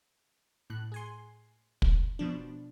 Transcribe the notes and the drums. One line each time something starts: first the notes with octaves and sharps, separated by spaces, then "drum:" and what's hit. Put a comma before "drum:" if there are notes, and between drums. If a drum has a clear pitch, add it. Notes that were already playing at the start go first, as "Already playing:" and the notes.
A2 F#6
G#4 G#5 C6
drum: kick
B2 F3 D4